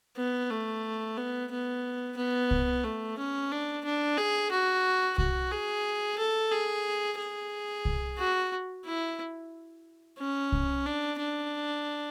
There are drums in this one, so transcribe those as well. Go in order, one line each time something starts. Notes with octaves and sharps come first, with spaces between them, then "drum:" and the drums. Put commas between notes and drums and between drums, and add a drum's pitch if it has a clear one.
B3
A3
B3
B3
B3
drum: kick C2
A3
C#4
D4
D4
G#4
F#4
F#4, drum: kick C2
G#4
A4
G#4
G#4
drum: kick C2
F#4
E4
C#4
drum: kick C2
D4
D4